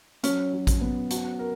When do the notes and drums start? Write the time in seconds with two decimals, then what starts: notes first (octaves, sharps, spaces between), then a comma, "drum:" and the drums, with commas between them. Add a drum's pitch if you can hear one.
0.23 F#3 C#4, drum: hi-hat
0.53 F#3
0.67 drum: kick A1, hi-hat
0.81 B3
1.10 F#4, drum: hi-hat
1.39 A#4